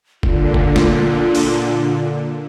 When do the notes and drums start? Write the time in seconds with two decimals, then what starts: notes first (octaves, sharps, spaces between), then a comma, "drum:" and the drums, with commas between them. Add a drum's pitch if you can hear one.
0.23 A#2 D3 F4, drum: kick F#1
0.54 drum: kick F#1
0.76 drum: snare
1.35 drum: open hi-hat